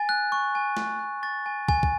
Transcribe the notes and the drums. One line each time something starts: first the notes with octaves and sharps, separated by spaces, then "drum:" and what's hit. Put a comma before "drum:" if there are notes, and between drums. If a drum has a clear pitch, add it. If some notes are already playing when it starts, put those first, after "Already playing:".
Already playing: G#5 A6
F#6
C#6
G#5
G#5, drum: snare
F#6
C#6 A6
G#5
G#5, drum: kick
drum: kick